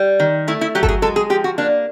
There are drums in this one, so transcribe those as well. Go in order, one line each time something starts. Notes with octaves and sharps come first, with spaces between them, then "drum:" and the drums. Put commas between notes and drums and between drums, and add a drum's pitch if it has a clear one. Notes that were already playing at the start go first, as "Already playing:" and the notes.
Already playing: G3
D#3
A3 E4
E4
F#3 G4
A4, drum: kick G1
G#4
G#3 A4
G#4
F3 G4
F#4
A#3 D4